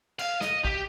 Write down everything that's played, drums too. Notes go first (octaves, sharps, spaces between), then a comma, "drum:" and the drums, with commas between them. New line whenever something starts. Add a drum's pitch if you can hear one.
F5, drum: cymbal
D#5, drum: snare
G4, drum: kick A#1